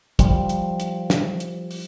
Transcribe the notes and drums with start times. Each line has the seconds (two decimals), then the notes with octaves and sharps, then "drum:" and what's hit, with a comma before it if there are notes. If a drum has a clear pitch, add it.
0.19 F3 G3, drum: kick, hi-hat
0.49 drum: hi-hat
0.80 drum: hi-hat
1.10 drum: snare
1.40 drum: hi-hat
1.71 drum: open hi-hat